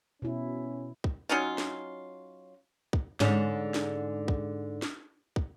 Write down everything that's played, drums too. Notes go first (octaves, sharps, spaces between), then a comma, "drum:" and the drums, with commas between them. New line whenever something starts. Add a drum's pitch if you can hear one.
B2 C#4 E4
drum: kick
F#3 C#4 D#4 F4
drum: snare
drum: kick
G#2 D3 C#4, drum: snare
drum: snare
drum: kick
drum: snare
drum: kick